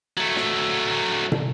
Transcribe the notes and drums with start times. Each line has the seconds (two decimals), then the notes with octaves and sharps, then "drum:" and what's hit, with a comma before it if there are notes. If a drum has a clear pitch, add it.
0.17 F#3 A3
0.36 drum: snare
1.32 drum: tom